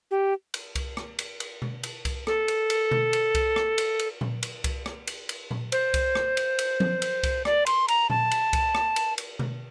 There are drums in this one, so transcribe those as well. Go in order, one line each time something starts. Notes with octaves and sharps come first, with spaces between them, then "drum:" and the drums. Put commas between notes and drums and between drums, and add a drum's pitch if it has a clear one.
G4
drum: cymbal
drum: kick C2, cymbal
drum: rim click
drum: cymbal
drum: cymbal
drum: tom B2
drum: cymbal
drum: kick C2, cymbal
A4, drum: rim click
drum: cymbal
drum: cymbal
drum: tom B2
drum: cymbal
drum: kick C2, cymbal
drum: rim click
drum: cymbal
drum: cymbal
drum: tom A#2
drum: cymbal
drum: kick C2, cymbal
drum: rim click
drum: cymbal
drum: cymbal
drum: tom A#2
C5, drum: cymbal
drum: kick C2, cymbal
drum: rim click
drum: cymbal
drum: cymbal
drum: tom F3
drum: cymbal
drum: kick C2, cymbal
D5, drum: rim click
C6, drum: cymbal
A#5, drum: cymbal
A5, drum: tom A#2
drum: cymbal
drum: kick C2, cymbal
drum: rim click
drum: cymbal
drum: cymbal
drum: tom B2